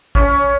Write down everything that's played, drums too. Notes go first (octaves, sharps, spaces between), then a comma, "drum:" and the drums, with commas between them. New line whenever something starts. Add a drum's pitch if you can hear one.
C#4, drum: kick G#1